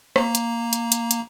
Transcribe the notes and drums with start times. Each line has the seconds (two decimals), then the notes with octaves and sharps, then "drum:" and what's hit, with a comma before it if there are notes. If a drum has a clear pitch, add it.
0.16 A#3 A#5, drum: rim click
0.35 drum: hi-hat
0.73 drum: hi-hat
0.92 drum: hi-hat
1.11 drum: hi-hat